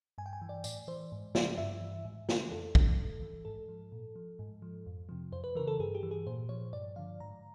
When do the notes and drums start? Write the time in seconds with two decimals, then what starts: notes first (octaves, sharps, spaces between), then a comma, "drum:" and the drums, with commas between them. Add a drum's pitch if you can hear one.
0.18 G2 G#5
0.26 G5
0.33 G#5
0.42 E3
0.49 D5
0.64 A2 D5, drum: tambourine
0.88 E3 C5
1.12 G#2
1.35 F3 D5, drum: snare
1.58 G2 E5
1.81 E3
2.05 G#2
2.29 E3, drum: snare
2.51 F2 A4
2.75 C3 F3, drum: kick
2.98 A2
3.22 E3
3.45 G#2 A4
3.68 F3
3.92 A#2
4.16 F3
4.39 G#2
4.62 F3
4.86 F2
5.09 C3 F3
5.32 F2 C5
5.44 B4
5.55 C#3 E3 A#4
5.68 A4
5.80 G2 G#4
5.95 G4
6.03 E3
6.11 G#4
6.27 A#2 C5
6.49 F3 C#5
6.73 G2 D5
6.96 D3 F3 F5
7.20 G#2 A#5